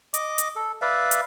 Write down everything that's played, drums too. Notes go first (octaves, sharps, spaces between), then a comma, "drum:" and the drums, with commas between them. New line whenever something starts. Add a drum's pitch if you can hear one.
D#5 D6, drum: hi-hat
drum: hi-hat
A4
B4 D5 E5 F5
drum: hi-hat